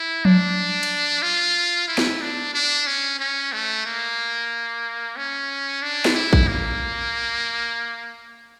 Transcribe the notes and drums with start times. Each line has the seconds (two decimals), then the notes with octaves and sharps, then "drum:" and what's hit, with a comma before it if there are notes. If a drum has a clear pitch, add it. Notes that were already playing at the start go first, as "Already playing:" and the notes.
Already playing: E4
0.25 D4, drum: tom F3
0.83 drum: cymbal
1.23 F4
1.88 E4
1.98 drum: snare
2.21 D4
2.55 D4
2.87 C#4
3.20 C#4
3.53 A3
3.85 A#3
5.17 C#4
5.82 D4
6.05 drum: snare
6.15 E4
6.33 drum: kick
6.48 A#3